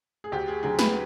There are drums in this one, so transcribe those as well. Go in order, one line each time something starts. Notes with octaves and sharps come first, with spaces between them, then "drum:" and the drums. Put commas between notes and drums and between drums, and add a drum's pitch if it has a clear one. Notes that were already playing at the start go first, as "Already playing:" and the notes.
G#4
D2 G4
G#4
D3 F#3 G#4
B4, drum: snare